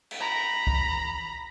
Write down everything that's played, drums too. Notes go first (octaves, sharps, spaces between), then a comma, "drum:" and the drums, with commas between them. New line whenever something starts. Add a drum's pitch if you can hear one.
drum: cymbal
A#5 B5
drum: kick